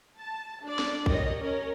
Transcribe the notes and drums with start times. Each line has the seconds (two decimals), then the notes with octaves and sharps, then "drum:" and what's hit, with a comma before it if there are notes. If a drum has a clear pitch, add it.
0.19 A5
0.64 D4 D5
0.79 drum: snare
1.06 G4 A#4 C#5 D#5, drum: kick
1.40 C#4 A#4